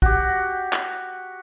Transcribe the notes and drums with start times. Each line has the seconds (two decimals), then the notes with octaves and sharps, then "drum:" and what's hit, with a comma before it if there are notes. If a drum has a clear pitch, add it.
0.02 F#4 G4, drum: kick
0.73 drum: clap